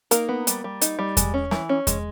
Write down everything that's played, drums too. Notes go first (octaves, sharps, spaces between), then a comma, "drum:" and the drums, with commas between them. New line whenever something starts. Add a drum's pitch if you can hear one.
A#3 D#4 A#4, drum: hi-hat
B3
G3, drum: hi-hat
G3
D#4, drum: hi-hat
G3
G#3, drum: kick E2, hi-hat
C#4
E3, drum: snare
C#4
G#3, drum: kick E2, hi-hat